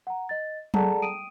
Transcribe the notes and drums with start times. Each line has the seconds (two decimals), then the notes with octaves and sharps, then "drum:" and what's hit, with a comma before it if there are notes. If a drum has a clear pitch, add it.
0.07 F#5 A#5
0.29 D#5 A6
0.74 G#4 A4 D5 F#5 A5 A#5, drum: tom F#3
1.02 G5 D#6 D7 D#7